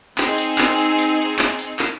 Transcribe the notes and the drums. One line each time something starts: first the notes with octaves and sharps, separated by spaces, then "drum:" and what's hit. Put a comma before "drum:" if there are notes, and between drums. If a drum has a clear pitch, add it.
C4 D#4 G#4, drum: clap
drum: hi-hat
drum: clap
drum: hi-hat
drum: hi-hat
drum: clap
drum: hi-hat
drum: clap